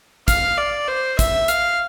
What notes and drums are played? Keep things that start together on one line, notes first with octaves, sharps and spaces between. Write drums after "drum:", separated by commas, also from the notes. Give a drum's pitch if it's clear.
F5, drum: kick, hi-hat
D5
C5
E5, drum: kick, hi-hat
F5, drum: hi-hat